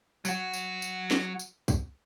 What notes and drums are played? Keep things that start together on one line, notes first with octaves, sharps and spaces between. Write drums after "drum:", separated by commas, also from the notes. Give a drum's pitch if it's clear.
F#3 F#4, drum: tambourine
drum: tambourine
drum: tambourine
drum: snare
drum: tambourine
drum: kick, tambourine